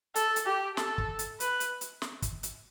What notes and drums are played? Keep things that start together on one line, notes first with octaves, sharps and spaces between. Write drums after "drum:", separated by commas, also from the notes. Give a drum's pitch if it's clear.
A4, drum: hi-hat
drum: hi-hat
G4
A4, drum: snare
drum: kick
drum: hi-hat
B4, drum: hi-hat
drum: hi-hat
drum: hi-hat
drum: snare
drum: kick, hi-hat
drum: hi-hat